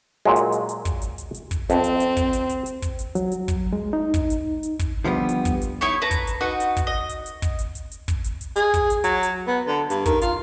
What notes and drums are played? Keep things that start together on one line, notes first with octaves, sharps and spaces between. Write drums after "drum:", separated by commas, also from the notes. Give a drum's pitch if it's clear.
A#2 F#3 G#3
drum: hi-hat
drum: hi-hat
drum: hi-hat
drum: kick, hi-hat
drum: hi-hat
drum: hi-hat
drum: hi-hat
drum: kick, hi-hat
F2 C4, drum: hi-hat
drum: hi-hat
drum: hi-hat
drum: kick, hi-hat
drum: hi-hat
drum: hi-hat
drum: hi-hat
drum: kick, hi-hat
drum: hi-hat
F#3, drum: hi-hat
drum: hi-hat
drum: kick, hi-hat
G#3
D#4
drum: kick, hi-hat
drum: hi-hat
drum: hi-hat
drum: kick, hi-hat
D3 F3 G3 B3
drum: hi-hat
drum: kick, hi-hat
drum: hi-hat
D#4 E4 C#5 C#6
B4 A5 A#5
drum: kick, hi-hat
drum: hi-hat
D#4 F#4 B4
drum: hi-hat
drum: kick, hi-hat
D#5
drum: hi-hat
drum: hi-hat
drum: kick, hi-hat
drum: hi-hat
drum: hi-hat
drum: hi-hat
drum: kick, hi-hat
drum: hi-hat
drum: hi-hat
G#4, drum: hi-hat
drum: kick, hi-hat
drum: hi-hat
F#3, drum: hi-hat
drum: hi-hat
B3
D3
G2, drum: hi-hat
D#3, drum: kick, hi-hat
F4, drum: hi-hat